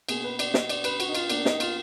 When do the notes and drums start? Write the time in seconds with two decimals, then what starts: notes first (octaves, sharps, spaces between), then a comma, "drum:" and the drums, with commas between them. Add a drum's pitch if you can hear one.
0.09 B2 A#3 G#4, drum: cymbal
0.24 B4
0.39 D5, drum: cymbal
0.54 D#5, drum: snare
0.69 D5, drum: cymbal
0.84 B4, drum: cymbal
1.00 F#4, drum: cymbal
1.08 D#4
1.15 F4, drum: cymbal
1.30 B2 A#3 D4, drum: cymbal
1.45 D#4, drum: snare
1.60 F4, drum: cymbal